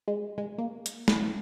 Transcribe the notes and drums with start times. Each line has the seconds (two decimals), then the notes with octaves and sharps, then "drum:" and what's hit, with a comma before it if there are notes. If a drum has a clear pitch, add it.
0.08 G#3
0.38 G#3
0.58 A#3
0.86 drum: hi-hat
1.08 drum: snare